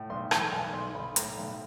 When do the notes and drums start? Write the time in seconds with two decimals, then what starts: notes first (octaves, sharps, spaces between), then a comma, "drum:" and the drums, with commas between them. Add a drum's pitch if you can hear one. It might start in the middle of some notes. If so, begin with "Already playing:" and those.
Already playing: A2
0.10 B1 C6
0.31 E3 G5, drum: rim click
0.52 B1 G#5
0.73 B1 C6
0.95 B1 B5
1.16 A2 A#5, drum: hi-hat
1.38 B1